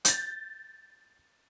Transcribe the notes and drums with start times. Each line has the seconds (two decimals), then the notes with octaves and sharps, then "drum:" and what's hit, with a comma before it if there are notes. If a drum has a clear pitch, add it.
0.05 G6 A6, drum: hi-hat